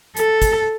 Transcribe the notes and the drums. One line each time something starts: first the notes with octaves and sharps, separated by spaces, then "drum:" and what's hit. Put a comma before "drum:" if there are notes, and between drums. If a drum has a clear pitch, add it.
A4, drum: hi-hat
drum: kick, hi-hat